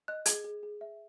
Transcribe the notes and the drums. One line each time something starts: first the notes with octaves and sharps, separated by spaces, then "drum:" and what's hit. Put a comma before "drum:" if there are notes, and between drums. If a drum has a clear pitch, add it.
D#5 F#6
G#4 G#6, drum: hi-hat
G#4
G#4
E5